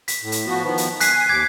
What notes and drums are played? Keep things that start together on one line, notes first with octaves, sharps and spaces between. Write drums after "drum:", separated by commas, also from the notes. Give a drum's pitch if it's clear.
B6, drum: hi-hat
A2
drum: hi-hat
F3 B3 F#4
D#3 F3 B3
drum: hi-hat
G#5 F#6 B6 C7, drum: hi-hat
D#2 D6 G#6